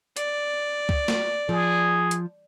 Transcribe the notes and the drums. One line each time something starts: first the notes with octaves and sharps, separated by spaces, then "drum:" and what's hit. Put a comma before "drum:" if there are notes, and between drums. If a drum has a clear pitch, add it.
D5, drum: hi-hat
drum: kick C#2
drum: snare
F3 G#4
drum: hi-hat